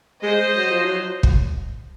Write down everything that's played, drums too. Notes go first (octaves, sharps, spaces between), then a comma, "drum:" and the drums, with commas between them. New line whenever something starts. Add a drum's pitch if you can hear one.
G#3 C5 D#5
F#3
F3
F#3
drum: kick